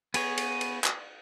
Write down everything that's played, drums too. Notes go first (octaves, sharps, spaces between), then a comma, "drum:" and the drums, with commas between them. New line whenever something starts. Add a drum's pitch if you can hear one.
B3 G#4 C#5, drum: cymbal
drum: cymbal
drum: cymbal
drum: clap